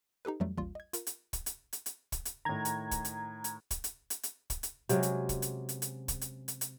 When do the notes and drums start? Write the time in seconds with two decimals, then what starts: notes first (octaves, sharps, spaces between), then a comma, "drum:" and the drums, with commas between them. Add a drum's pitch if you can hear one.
0.25 D#4 G4 A4 B4
0.40 F2 E3 F#3 G3 A3
0.58 A1 D#2 G3 F4
0.75 D#5 G#6
0.93 F4 A#4, drum: hi-hat
1.07 drum: hi-hat
1.33 drum: kick, hi-hat
1.46 drum: hi-hat
1.73 drum: hi-hat
1.86 drum: hi-hat
2.12 drum: kick, hi-hat
2.25 drum: hi-hat
2.45 A2 D#3 A#5 G#6
2.65 drum: hi-hat
2.91 drum: kick, hi-hat
3.05 drum: hi-hat
3.44 drum: hi-hat
3.71 drum: kick, hi-hat
3.84 drum: hi-hat
4.10 drum: hi-hat
4.23 drum: hi-hat
4.50 drum: kick, hi-hat
4.63 drum: hi-hat
4.89 C3 F#3 G#3 C#4, drum: hi-hat
5.03 drum: hi-hat
5.29 drum: kick, hi-hat
5.42 drum: hi-hat
5.69 drum: hi-hat
5.82 drum: hi-hat
6.08 drum: kick, hi-hat
6.21 drum: hi-hat
6.48 drum: hi-hat
6.61 drum: hi-hat